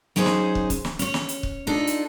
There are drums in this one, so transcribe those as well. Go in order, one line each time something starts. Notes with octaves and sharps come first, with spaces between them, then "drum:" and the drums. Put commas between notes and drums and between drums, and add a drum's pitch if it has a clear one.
F#3 C#4 D#4 G#4 C5
drum: snare
drum: kick
drum: kick, hi-hat
drum: snare
C#4 C#5, drum: hi-hat
drum: snare
drum: hi-hat
drum: kick
D4 D#4 F4 A4
drum: hi-hat